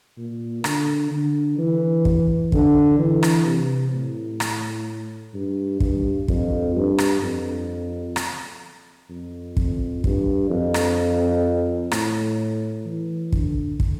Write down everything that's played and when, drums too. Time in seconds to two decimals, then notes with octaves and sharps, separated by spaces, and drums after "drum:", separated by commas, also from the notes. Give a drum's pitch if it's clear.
0.18 A#2
0.64 D3, drum: rim click
1.11 D3
1.58 E3
2.05 drum: kick
2.52 D3, drum: kick
2.99 E3
3.23 drum: rim click
3.45 C3
3.94 A2
4.40 drum: rim click
5.34 G2
5.80 G2, drum: kick
6.28 F2, drum: kick
6.75 G2
6.98 drum: rim click
7.22 F2
8.16 drum: rim click
9.09 F2
9.57 F2, drum: kick
10.04 G2, drum: kick
10.50 F2
10.74 drum: rim click
11.91 A2, drum: rim click
12.85 E3
13.32 D3, drum: kick
13.80 drum: kick